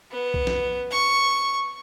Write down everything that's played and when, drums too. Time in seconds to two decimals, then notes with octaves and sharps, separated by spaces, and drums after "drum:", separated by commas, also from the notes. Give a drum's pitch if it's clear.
0.11 B3
0.34 drum: kick B1
0.47 drum: snare
0.91 C#6